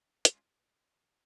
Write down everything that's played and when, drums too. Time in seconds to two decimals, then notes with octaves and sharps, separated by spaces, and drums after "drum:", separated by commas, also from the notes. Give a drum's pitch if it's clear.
0.25 G#3 C#4 F4, drum: hi-hat